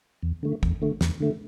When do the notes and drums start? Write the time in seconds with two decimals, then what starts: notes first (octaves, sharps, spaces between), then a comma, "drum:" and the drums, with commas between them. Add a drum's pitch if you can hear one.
0.23 E2
0.43 D3 A3
0.63 E2, drum: kick
0.82 D3 A3
1.01 E2, drum: snare
1.20 D3 A3